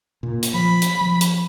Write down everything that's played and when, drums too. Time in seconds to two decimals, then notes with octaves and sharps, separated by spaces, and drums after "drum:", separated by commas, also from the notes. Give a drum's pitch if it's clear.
0.23 A#2
0.43 drum: hi-hat
0.54 F3 B5
0.82 drum: hi-hat
1.01 F3
1.21 drum: hi-hat